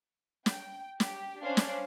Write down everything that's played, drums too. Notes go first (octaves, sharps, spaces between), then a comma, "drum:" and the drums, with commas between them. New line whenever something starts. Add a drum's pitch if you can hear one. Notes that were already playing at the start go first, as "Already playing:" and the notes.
G5, drum: snare
G4, drum: snare
C#4 D4 C5 F5
drum: snare